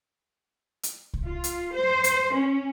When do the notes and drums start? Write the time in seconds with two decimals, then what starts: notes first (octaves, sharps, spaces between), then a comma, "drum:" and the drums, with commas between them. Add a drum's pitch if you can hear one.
0.83 drum: hi-hat
1.14 drum: kick C2
1.26 F4
1.44 drum: hi-hat
1.74 C5
2.04 drum: hi-hat
2.34 C#4